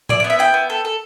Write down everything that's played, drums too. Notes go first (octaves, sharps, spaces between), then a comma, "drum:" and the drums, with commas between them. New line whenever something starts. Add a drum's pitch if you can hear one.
E4 D5, drum: tom A2
D5
B3
E5
E4 G5
B3
A4
A4